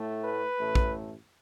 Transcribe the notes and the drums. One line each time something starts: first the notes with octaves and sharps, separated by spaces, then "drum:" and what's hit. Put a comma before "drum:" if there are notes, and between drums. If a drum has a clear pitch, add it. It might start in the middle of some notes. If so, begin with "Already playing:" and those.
Already playing: A2 A3
B4
A1 A2 A3
drum: kick